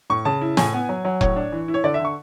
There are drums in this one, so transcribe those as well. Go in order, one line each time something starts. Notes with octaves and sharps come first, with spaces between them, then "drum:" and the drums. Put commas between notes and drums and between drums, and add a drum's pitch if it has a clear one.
A2 C#6
C#3 A5
E4
A2 G#5, drum: snare
B3
F#3
F#3
A2 C#5, drum: kick E1
D4
E3
E4
C#5
D3 D5
E5
D3
C#6